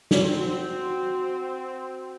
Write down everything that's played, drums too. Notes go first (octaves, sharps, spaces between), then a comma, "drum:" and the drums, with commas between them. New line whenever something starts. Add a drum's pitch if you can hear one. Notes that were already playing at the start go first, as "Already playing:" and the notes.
drum: snare
C4 F#4